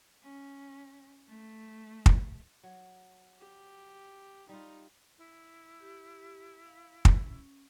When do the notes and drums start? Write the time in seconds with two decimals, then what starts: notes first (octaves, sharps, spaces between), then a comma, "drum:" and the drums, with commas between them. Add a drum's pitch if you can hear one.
0.23 C#4
1.28 A3
2.06 drum: kick
2.63 F#3
3.38 G4
4.49 G3 D#4 F4
5.18 E4
5.80 G4
6.66 F5
7.05 drum: kick
7.21 C#4